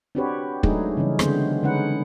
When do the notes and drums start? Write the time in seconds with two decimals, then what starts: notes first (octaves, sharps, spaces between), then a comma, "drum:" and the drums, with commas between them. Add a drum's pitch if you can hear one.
0.15 C4 D4 F#4 G4 B4 C#5
0.63 F#3 G#3 A3 D4 D#4 G#4, drum: kick
0.97 C#3 E3 G3 C#4
1.19 D3 G#3 B3 C4 C5, drum: rim click
1.63 D3 G#3 C#4 D#4 B4 F#5